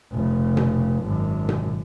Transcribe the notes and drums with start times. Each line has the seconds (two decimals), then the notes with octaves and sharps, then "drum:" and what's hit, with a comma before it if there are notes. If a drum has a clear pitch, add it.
0.12 F1 C#3
0.57 drum: tom B2
1.03 G#1 F#2
1.49 drum: tom B2